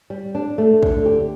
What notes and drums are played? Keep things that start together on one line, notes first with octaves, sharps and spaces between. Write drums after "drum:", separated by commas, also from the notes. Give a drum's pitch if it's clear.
G3
D4
A3
D3, drum: kick
G4